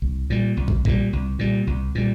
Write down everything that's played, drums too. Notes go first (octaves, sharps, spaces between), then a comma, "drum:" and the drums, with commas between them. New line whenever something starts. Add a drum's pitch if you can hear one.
C2
A#2 G3
C2
drum: kick
A#2 G3, drum: kick
C2
A#2 G3
C2
A#2 G3